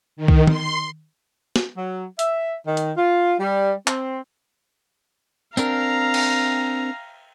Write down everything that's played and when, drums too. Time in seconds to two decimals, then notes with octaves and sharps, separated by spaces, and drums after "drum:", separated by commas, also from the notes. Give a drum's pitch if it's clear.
0.16 D#3
0.28 drum: kick C2
0.47 C6, drum: tom D#3
1.56 drum: snare
1.77 F#3
2.19 E5, drum: hi-hat
2.66 D#3
2.77 drum: hi-hat
2.97 F4
3.39 G3
3.87 C4, drum: clap
5.57 C4 D4 A#4 F5 A#5, drum: tambourine
6.14 drum: cymbal